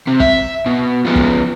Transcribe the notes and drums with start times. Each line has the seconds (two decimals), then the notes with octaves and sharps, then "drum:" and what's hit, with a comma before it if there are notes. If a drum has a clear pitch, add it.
0.08 C3
0.20 E5, drum: kick
0.66 B2
1.05 F3 B3
1.16 drum: kick